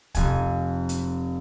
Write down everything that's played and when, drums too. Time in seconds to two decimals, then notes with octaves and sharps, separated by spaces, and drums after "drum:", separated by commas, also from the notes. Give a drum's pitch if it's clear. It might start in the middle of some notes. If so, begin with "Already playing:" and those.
0.15 F1 G#5, drum: kick, hi-hat
0.89 drum: hi-hat